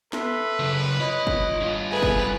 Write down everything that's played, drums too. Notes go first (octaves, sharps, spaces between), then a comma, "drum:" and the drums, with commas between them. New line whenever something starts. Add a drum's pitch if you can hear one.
A4 B4 E5 C6, drum: snare
C#3 F#3
F4 C#5 D#5 B5
drum: kick F#1
G2 F4
A3 G#4 B4 G#5
drum: kick F#1